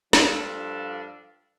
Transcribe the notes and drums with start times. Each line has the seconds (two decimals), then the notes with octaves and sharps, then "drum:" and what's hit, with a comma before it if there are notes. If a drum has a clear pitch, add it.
0.13 G2 F3 D4 A4 F5, drum: snare